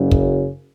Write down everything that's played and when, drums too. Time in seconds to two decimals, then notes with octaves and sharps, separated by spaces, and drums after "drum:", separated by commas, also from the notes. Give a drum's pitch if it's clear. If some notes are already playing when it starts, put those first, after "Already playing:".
Already playing: F#1 F#2 C#3
0.11 drum: kick